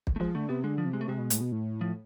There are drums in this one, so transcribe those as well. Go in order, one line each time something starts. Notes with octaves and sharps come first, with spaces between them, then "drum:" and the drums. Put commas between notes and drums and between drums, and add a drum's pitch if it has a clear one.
drum: kick
A3
F3 G#3
D3 A3
C3 B3
D3 G#3
F3
C3
G#3
A3
C3 G#3
B2
A2, drum: hi-hat
B2
A2
F3